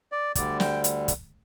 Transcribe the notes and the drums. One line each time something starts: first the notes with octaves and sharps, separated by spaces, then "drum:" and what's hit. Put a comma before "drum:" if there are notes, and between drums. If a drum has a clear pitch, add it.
D5
D2 D3 G3 D5, drum: kick, hi-hat
G5, drum: snare
drum: hi-hat
drum: kick, hi-hat